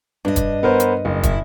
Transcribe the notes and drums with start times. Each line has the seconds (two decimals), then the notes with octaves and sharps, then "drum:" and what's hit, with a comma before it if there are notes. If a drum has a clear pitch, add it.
0.25 G2 D4 D#5
0.36 drum: kick, hi-hat
0.63 B3 A#4 C5
0.80 drum: hi-hat
1.05 F#1
1.23 E4, drum: kick, hi-hat